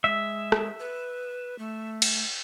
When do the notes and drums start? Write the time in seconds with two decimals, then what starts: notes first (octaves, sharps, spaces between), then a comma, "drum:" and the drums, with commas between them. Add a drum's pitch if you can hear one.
0.04 G#3 E5
0.52 drum: rim click
0.79 B4
1.59 A3
2.02 drum: cymbal